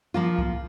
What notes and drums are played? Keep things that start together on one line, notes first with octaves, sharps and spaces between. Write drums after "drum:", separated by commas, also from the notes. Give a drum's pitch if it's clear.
F3 A#3 F4
drum: kick C2